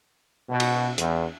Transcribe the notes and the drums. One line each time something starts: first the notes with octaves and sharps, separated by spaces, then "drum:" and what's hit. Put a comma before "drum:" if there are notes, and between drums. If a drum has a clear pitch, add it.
B2
drum: cymbal
E2, drum: hi-hat